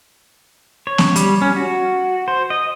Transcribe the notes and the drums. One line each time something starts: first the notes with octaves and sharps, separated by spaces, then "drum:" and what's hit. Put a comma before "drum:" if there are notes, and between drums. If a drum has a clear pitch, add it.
C#5
drum: snare B3
G3, drum: hi-hat
C#4
F#4
C5
D#5